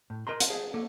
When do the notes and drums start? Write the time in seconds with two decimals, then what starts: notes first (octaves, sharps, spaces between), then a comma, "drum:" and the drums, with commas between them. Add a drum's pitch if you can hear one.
0.10 A2
0.27 A#4 D#5 A#5 C6
0.40 drum: hi-hat
0.50 G#4
0.74 A#3 A4